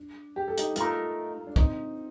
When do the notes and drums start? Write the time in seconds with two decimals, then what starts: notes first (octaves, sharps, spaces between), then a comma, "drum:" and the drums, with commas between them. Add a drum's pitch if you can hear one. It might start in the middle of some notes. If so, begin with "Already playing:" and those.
Already playing: D4
0.36 G4
0.48 A4
0.58 D#4 G4, drum: hi-hat
0.76 A3 D#4 F4 A4 A#4, drum: hi-hat
1.47 D4
1.56 C4 D#4, drum: kick